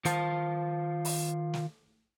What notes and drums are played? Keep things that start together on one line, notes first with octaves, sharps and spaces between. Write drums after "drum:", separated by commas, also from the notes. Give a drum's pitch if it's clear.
D#3 F4 C5 F5 A5, drum: hi-hat
drum: open hi-hat
drum: snare